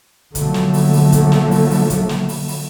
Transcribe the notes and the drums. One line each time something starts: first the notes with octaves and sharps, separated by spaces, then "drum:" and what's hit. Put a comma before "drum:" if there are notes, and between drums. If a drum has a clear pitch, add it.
B1 D3 F3 F#3 A3 A#3, drum: kick, hi-hat
drum: snare
drum: open hi-hat
drum: open hi-hat
drum: kick, hi-hat
drum: snare
drum: open hi-hat
drum: open hi-hat
drum: kick, hi-hat
drum: snare
drum: open hi-hat
drum: open hi-hat